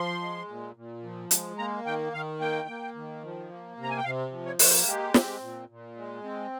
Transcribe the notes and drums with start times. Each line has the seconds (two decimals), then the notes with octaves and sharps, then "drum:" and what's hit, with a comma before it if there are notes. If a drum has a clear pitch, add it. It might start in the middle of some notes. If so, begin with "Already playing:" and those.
Already playing: F3 C6
0.21 G#3
0.48 A#2
0.76 A#2
1.03 F3
1.31 G#3, drum: hi-hat
1.58 A#3 A#5
1.85 D#3 G5
2.13 D#3 F5
2.40 A#3 G5
2.68 A#3
2.95 D#3
3.23 F3
3.50 A#3
3.77 C3
3.82 A#5
3.90 G#5
3.97 G5
4.04 C3 F5
4.31 F3
4.46 C#5
4.59 A#3, drum: open hi-hat
4.66 C5
4.87 G#3 G4
5.14 C4, drum: snare
5.41 A#2
5.69 A#2
5.97 G#3
6.23 C4